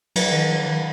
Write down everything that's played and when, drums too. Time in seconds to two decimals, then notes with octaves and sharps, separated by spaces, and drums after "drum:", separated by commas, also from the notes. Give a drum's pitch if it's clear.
0.16 F#3, drum: cymbal
0.32 D#3
0.50 F#3
0.67 D#3